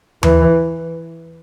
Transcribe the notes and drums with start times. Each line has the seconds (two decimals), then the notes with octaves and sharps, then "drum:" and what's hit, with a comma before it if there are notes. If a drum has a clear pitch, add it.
0.23 E3, drum: tom D#2